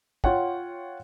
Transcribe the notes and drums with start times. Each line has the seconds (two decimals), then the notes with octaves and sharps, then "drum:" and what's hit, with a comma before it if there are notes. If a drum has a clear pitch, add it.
0.24 F4 C#5 F#5 G5, drum: kick